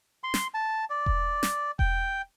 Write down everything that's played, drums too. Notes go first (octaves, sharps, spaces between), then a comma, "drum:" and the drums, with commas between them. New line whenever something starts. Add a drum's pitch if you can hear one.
C6
drum: snare
A5
D5
drum: kick E1
drum: snare
G5, drum: kick E1